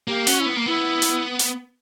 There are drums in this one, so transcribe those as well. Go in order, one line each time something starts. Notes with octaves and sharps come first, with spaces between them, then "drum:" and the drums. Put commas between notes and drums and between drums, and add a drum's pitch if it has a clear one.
A#3 G4
C#4 F#4, drum: hi-hat
E4
B3
A#3
B3 E4
drum: hi-hat
drum: hi-hat